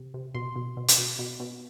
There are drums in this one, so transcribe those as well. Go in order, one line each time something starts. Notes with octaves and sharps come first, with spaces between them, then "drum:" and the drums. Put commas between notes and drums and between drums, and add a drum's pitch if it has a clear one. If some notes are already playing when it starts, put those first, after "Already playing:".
Already playing: C3
C3
B2 C6
B2
B2
drum: hi-hat
B2
B2
B2